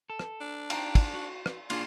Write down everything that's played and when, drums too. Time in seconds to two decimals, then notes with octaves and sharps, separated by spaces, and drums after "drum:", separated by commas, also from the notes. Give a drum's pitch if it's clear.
0.10 A4
0.19 drum: rim click
0.41 D4
0.70 F5 G5 A#5, drum: cymbal
0.95 drum: kick, cymbal
1.14 F#4
1.46 drum: rim click
1.70 A#3 D4 F4 G#4, drum: cymbal